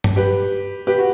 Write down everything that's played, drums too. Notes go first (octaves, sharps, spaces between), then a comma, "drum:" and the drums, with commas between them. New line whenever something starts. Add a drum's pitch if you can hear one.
drum: tom G2
G4 B4
G4 B4
F#4